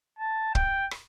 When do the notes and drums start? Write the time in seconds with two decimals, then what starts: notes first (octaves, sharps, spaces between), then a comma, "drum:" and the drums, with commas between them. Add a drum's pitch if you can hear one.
0.19 A5
0.55 G5, drum: kick
0.91 drum: rim click